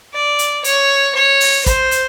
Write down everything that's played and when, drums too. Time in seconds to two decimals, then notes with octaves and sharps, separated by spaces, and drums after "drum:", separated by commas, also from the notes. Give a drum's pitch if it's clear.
0.14 D5
0.39 drum: hi-hat
0.64 C#5, drum: hi-hat
1.15 C#5
1.40 drum: open hi-hat
1.66 C5, drum: kick, hi-hat
1.91 drum: hi-hat